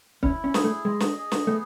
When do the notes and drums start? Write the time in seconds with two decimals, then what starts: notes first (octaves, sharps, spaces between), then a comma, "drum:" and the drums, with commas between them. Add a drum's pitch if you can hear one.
0.23 C#4 E4, drum: kick
0.44 C#4
0.54 G#4, drum: snare
0.64 A3
0.85 G#3 D#5
1.00 drum: snare
1.17 G#4
1.32 drum: snare
1.47 A3 B3